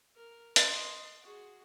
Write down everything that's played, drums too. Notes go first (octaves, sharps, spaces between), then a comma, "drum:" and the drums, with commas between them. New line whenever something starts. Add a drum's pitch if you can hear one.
A#4
D#5 C6, drum: hi-hat
F#4 G#4